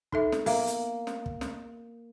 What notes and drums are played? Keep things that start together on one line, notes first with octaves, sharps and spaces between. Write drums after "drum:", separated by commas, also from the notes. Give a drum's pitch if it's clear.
D#4 A4 E5, drum: kick
drum: snare
A#3 B3 E5, drum: open hi-hat
drum: hi-hat
drum: snare
drum: kick
drum: snare